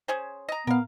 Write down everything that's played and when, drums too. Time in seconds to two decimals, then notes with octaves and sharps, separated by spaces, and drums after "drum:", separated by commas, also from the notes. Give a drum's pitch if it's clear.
0.08 C#4 G#4 C5
0.49 D#5 A#5
0.67 B3 A#4 F5, drum: tom